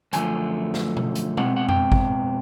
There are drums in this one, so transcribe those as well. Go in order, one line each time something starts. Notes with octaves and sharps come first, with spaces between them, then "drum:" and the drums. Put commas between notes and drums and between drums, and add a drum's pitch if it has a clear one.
F#2 D3 F3 A3 G#5, drum: hi-hat
drum: snare
drum: tom B2
drum: hi-hat
B2 G#3 C4 F#5, drum: tom B2
F#5
G5, drum: tom F2
drum: kick G#1